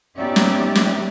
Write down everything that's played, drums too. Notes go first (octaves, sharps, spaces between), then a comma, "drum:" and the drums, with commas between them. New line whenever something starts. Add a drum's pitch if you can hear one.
B3 C#4 D#4 G4 D5 E5
drum: snare
drum: snare